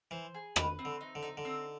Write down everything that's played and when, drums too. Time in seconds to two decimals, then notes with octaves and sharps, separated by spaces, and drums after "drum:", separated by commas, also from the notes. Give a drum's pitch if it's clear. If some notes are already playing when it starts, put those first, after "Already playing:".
0.11 E3 C5
0.34 G#4
0.56 D#3 B4, drum: rim click
0.79 C4
0.85 D3
1.01 D#4
1.15 D3
1.22 D#4
1.37 D3
1.45 C4